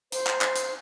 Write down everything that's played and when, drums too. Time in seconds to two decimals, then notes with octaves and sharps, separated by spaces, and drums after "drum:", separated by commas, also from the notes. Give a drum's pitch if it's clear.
0.12 C5, drum: hi-hat
0.27 drum: clap
0.41 drum: clap
0.56 drum: hi-hat